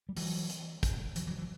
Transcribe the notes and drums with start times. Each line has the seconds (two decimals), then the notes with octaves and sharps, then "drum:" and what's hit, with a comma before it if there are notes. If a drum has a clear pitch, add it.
0.09 G3
0.17 E3 F#3, drum: open hi-hat
0.50 drum: hi-hat
0.83 drum: kick, hi-hat
1.16 E3 F#3, drum: hi-hat
1.27 E3 F#3
1.38 E3 F#3